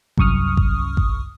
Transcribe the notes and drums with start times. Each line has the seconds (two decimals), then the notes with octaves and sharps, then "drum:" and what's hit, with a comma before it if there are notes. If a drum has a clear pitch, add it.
0.18 C2 F#2 C#6 D#6 F6, drum: kick G#1
0.57 drum: kick G#1
0.97 drum: kick G#1